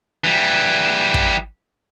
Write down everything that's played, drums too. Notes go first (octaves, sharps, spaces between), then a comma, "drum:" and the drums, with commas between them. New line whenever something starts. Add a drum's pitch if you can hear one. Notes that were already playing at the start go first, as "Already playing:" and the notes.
E3 G3
drum: kick